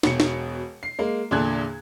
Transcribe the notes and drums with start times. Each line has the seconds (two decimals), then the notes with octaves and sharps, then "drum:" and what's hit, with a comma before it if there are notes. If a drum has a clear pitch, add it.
0.03 E1 B2 C#7, drum: snare
0.20 drum: snare
0.83 C7
0.99 G#3 A#3
1.31 E2 A#2 D3 D4 F#6 G#6